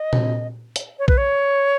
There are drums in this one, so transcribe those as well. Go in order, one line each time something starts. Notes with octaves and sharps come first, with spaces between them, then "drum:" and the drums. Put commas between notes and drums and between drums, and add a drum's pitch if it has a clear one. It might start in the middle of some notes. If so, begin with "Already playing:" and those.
Already playing: D#5
drum: tom A#2
drum: hi-hat
C#5
B4, drum: kick A#1
C#5